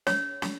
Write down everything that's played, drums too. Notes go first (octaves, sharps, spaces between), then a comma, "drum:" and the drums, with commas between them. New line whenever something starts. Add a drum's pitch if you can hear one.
C#5, drum: snare
drum: snare